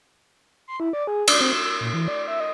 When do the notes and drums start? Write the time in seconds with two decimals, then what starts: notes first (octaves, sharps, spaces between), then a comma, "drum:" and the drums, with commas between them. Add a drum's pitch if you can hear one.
0.68 C6
0.80 E4
0.93 D5
1.07 G#4
1.28 D5, drum: cymbal
1.41 C4
1.53 E6
1.81 A#2
1.94 E3
2.08 D5
2.28 E5
2.40 D#5